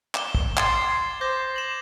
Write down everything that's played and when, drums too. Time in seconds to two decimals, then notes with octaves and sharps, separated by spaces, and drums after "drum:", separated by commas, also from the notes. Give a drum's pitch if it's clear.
0.15 D6 E7 G7, drum: clap
0.35 drum: kick
0.57 C6 G#6 A6 C7, drum: clap
1.21 C5 D6 G6 A#6
1.56 E7 F#7